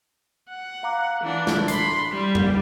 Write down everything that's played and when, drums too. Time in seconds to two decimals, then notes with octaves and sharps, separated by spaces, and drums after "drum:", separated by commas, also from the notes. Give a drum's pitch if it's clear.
0.49 F#5
0.83 F5 A#5 D6
1.22 E3 D4
1.47 drum: snare
1.68 B5 C6 C7, drum: hi-hat
2.11 G3 B6
2.35 drum: tom E2